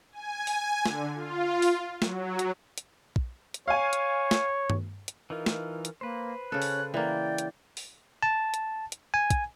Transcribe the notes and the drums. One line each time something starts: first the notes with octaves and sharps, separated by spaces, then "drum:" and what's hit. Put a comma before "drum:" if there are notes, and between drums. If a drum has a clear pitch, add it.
G#5
drum: open hi-hat
D3, drum: snare
F4
drum: open hi-hat
F#3, drum: snare
drum: hi-hat
drum: hi-hat
drum: kick
drum: hi-hat
C#5 F5 G#5
drum: hi-hat
drum: snare
drum: tom G2
drum: hi-hat
E3 D#4 F4 A#4
drum: snare
drum: hi-hat
A#3 B4 C5
C#3 C#4 A4 F#6
drum: open hi-hat
E3 A#3 D5 G5
drum: hi-hat
drum: open hi-hat
A5
drum: hi-hat
drum: hi-hat
G#5
drum: kick, hi-hat